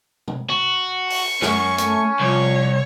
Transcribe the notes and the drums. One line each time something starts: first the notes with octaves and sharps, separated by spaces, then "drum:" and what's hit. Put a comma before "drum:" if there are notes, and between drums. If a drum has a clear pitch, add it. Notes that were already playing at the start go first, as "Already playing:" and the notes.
drum: tom B2
F#4
C#6, drum: open hi-hat
F#2 C#4, drum: snare
A3, drum: hi-hat
C2 F3 C#5